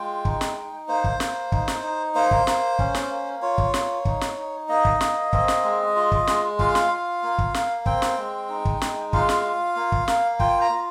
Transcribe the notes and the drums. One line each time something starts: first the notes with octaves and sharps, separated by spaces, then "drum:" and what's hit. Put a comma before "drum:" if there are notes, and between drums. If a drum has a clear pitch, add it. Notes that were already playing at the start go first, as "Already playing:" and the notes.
Already playing: G#3 F4 G5
D#4, drum: kick
drum: snare
D#4
A#3 C5
drum: kick
A#3, drum: snare
D#4, drum: kick
drum: snare
D#4
A#3 C5
drum: kick
A#3, drum: snare
C#4, drum: kick
drum: snare
A#3
F4 C#5
drum: kick
A#3, drum: snare
D#4, drum: kick
drum: snare
D#4
A#3 D#5
drum: kick
A#3, drum: snare
C4, drum: kick
drum: snare
G#3
F4
drum: kick
G#3, drum: snare
F4 F5, drum: kick
drum: snare
F4
A#3
drum: kick
A#3, drum: snare
C4 G5, drum: kick
drum: snare
G#3
D#4
drum: kick
G#3, drum: snare
F4 F5, drum: kick
drum: snare
F4
A#3
drum: kick
A#3, drum: snare
F4 G5, drum: kick
A#5
F4